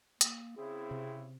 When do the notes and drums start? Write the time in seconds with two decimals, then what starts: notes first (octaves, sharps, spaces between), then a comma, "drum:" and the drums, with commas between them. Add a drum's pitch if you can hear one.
0.21 A#3, drum: hi-hat
0.57 C#3 C4 E4 G#4
0.91 C3